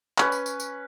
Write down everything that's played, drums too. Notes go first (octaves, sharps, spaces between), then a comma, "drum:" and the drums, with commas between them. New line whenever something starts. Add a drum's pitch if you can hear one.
C#4 B4, drum: clap
drum: tambourine
drum: tambourine
drum: tambourine